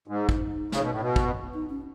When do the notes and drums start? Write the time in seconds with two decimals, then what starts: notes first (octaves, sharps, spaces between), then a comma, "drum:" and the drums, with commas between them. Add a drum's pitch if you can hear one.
0.07 G#2 D#4
0.29 drum: kick
0.72 C#3, drum: snare
0.81 B2
0.92 A2
1.00 B2
1.16 drum: kick
1.54 D#4
1.70 C#4